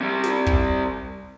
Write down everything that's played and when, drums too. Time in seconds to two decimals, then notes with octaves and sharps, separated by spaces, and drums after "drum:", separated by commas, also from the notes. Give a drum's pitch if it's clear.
0.01 C3 G3
0.24 drum: snare
0.46 drum: kick